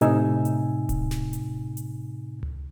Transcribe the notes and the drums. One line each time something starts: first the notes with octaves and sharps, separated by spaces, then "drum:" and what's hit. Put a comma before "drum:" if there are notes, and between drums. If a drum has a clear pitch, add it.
A2 C3 D#4 G#5 E6, drum: hi-hat
drum: hi-hat
drum: kick D1, hi-hat
drum: snare
drum: hi-hat
drum: hi-hat
drum: tom C#2